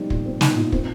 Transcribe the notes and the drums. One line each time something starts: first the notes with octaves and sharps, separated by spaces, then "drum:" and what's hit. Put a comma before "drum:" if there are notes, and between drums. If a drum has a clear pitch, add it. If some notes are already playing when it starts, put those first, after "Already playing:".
Already playing: G3 C4 D#4
A#2, drum: kick
C4
D#4, drum: snare
A#2
C4, drum: kick